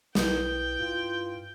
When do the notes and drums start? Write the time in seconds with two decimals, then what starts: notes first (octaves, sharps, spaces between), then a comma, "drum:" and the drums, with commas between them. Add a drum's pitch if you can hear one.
0.15 B1 E4 B4 G5 D#6, drum: snare
0.80 G2 F4